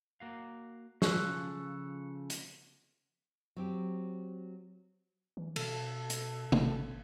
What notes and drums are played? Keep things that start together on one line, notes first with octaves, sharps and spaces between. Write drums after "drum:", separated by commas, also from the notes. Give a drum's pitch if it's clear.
A#3 F#4 F5
C#3 F3 F4 A4 C#6 E6 F#6, drum: snare
drum: hi-hat
F#3 C4 G4
E3
B2 A4, drum: cymbal
drum: hi-hat
G#1, drum: tom C3